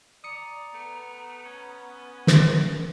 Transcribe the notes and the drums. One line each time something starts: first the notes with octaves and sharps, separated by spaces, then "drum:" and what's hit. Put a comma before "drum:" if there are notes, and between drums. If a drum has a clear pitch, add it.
D5 A#5 D#6 C#7
A3 B3
C#4
A#4, drum: snare